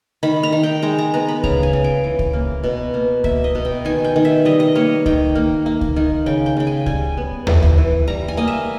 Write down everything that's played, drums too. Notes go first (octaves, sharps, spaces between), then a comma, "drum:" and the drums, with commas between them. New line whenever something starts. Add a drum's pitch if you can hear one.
D#3 B5
A#5
D#3
G5
G#3 A#5
A#5
B3 A#5
B5
C#3 A#5, drum: kick C#2
G#5
C#3
G5
E3
drum: kick C#2
A#3
B2
A#3
A#3 E5, drum: kick C#2
D#5
B2
G5
D#3 G#5
G5
D#3
E5
G3 D#5
D#5
A#3 C#5
D#3 G5, drum: kick C#2
A#3
A#3
drum: kick C#2
D#3
C#3 G5
G5
C#3 G5
G#5
G3 G#5, drum: kick C#2
B3
E3, drum: tom D#2
drum: kick C#2
E3
G3 A#5
G#5
A#3 D#5
E5